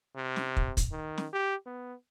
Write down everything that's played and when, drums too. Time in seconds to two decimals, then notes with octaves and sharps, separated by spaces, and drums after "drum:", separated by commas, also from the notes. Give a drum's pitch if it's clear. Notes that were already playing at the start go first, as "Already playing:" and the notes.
0.16 C3
0.36 drum: snare
0.57 drum: kick
0.77 drum: kick, hi-hat
0.92 D#3
1.18 drum: snare
1.33 G4
1.66 B3